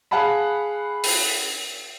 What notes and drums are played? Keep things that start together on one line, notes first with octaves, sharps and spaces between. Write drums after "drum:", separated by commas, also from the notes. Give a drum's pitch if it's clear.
G#4 F5 F#5 A5 B5
drum: open hi-hat